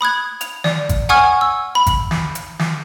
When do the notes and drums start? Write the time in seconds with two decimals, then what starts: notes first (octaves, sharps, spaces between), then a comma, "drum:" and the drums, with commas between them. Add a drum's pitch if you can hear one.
0.01 B5 D#6 F#6 G#6
0.41 F7, drum: hi-hat
0.64 D5, drum: snare
0.89 drum: kick G#1, hi-hat
1.09 F#5 G#5 C#6 D#6 F6 G#6
1.41 E6
1.75 B5
1.87 drum: kick G#1, hi-hat
2.11 drum: snare
2.35 drum: hi-hat
2.59 drum: snare